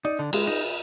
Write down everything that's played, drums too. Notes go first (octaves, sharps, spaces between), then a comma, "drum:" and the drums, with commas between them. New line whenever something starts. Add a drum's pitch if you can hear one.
D#4 D5
D3
G#3 G#4, drum: cymbal
D#4